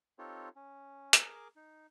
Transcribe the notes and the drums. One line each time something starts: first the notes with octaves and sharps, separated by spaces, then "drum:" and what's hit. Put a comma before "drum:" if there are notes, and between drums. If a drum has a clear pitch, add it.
C4 D#4 F4 G4 A4 C#5
C#4
G#4 A#4 D6, drum: hi-hat
D#4